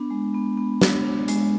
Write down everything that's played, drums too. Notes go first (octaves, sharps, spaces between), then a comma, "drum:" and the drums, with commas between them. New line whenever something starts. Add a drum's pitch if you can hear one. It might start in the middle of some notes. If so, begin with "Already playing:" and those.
Already playing: B3 D4
G#3
B3
B3
D4, drum: snare
D4
G#3, drum: hi-hat